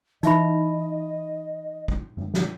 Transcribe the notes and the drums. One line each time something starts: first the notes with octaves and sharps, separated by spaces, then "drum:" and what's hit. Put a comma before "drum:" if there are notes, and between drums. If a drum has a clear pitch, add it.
E3 D#4 D#5 E5 B5, drum: hi-hat
drum: kick
drum: tom F#2
drum: snare